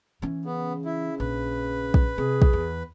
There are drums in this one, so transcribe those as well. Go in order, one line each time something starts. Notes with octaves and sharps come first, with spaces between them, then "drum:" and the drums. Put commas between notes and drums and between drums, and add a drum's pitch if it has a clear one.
E3 C#4
C#3 B3
E4
A#1 B4
drum: kick A#1
C3 G#4
drum: kick A#1
E2